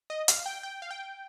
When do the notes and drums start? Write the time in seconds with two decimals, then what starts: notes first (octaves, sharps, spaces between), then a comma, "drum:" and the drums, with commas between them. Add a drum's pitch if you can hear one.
0.10 D#5
0.28 F5, drum: hi-hat
0.46 G5
0.63 G5
0.82 F5
0.91 G5